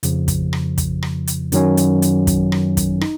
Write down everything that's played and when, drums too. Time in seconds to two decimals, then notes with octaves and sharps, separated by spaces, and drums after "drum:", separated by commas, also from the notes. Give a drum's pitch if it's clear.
0.03 F2 C#3 F3, drum: hi-hat
0.28 drum: kick, hi-hat
0.53 drum: rim click
0.78 drum: kick, hi-hat
1.03 drum: rim click
1.27 drum: hi-hat
1.52 F#2 D#3 F#3 C#4, drum: hi-hat
1.77 drum: hi-hat
2.02 drum: hi-hat
2.27 drum: kick, hi-hat
2.52 drum: rim click
2.77 drum: kick, hi-hat
3.01 D#4, drum: rim click